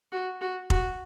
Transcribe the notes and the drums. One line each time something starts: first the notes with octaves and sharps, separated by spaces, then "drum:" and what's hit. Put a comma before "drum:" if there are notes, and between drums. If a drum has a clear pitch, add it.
F#4
F#4
F#4, drum: kick F1